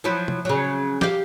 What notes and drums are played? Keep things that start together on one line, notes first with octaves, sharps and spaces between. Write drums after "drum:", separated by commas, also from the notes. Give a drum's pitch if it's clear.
F3 F#3 E4
drum: tom
C#3 F#3
G4 F5, drum: snare